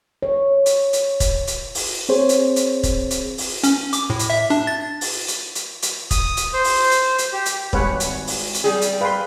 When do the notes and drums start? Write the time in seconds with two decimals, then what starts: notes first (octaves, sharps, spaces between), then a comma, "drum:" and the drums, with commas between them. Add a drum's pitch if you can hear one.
0.23 C#5
0.66 drum: hi-hat
0.93 drum: hi-hat
1.20 drum: kick, hi-hat
1.48 drum: hi-hat
1.75 drum: open hi-hat
2.09 C4 G#4 C5 C#5
2.29 drum: hi-hat
2.56 drum: hi-hat
2.83 drum: kick, hi-hat
3.11 drum: hi-hat
3.38 drum: open hi-hat
3.64 C#4, drum: hi-hat
3.93 D6, drum: hi-hat
4.10 A2
4.19 drum: hi-hat
4.30 E5
4.50 D4
4.67 A6
5.01 drum: open hi-hat
5.28 drum: hi-hat
5.55 drum: hi-hat
5.83 drum: hi-hat
6.11 D#6, drum: kick, hi-hat
6.37 drum: hi-hat
6.54 C5
6.64 drum: open hi-hat
6.91 drum: hi-hat
7.19 drum: hi-hat
7.33 G4
7.46 drum: hi-hat
7.73 G#1 G3 B4 C#5 F#5 G#5, drum: kick
8.00 drum: hi-hat
8.27 drum: open hi-hat
8.54 drum: hi-hat
8.64 G3 G#4
8.82 drum: hi-hat
9.01 B4 F5 C6